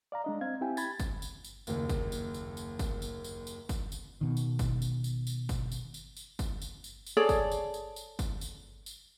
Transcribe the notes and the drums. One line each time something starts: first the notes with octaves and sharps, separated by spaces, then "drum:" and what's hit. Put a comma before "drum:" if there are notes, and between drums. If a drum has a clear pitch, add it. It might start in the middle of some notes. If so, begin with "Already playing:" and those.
D5 F5 A#5
G#3 D4 D#5
C4 F5 G#6
C4 E4 G4 G5 G#5
B5 G#6 A6, drum: tambourine
drum: kick G1, tambourine
drum: tambourine
drum: tambourine
F#1 D#2, drum: tambourine
drum: kick G1, tambourine
drum: tambourine
drum: tambourine
drum: tambourine
drum: kick G1, tambourine
drum: tambourine
drum: tambourine
drum: tambourine
drum: kick G1, tambourine
drum: tambourine
B2 D#3
drum: tambourine
drum: kick G1, tambourine
drum: tambourine
drum: tambourine
drum: tambourine
drum: kick G1, tambourine
drum: tambourine
drum: tambourine
drum: tambourine
drum: kick G1, tambourine
drum: tambourine
drum: tambourine
drum: tambourine
G#4 A4 C#5 D5
drum: kick G1, tambourine
drum: tambourine
drum: tambourine
drum: tambourine
drum: kick G1, tambourine
drum: tambourine
drum: tambourine